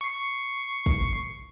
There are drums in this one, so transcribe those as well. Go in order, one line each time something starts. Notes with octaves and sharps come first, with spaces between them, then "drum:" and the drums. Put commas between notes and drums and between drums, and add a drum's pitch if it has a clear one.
C#6 C7
drum: kick